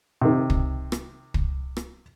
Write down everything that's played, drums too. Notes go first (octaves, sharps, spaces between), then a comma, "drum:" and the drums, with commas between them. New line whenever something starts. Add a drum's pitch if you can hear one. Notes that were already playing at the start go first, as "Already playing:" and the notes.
C3 D#3
drum: kick
drum: rim click
drum: kick
drum: rim click